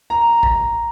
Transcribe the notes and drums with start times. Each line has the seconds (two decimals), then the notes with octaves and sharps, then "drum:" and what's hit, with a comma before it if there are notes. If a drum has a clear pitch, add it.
0.10 A#5
0.43 drum: kick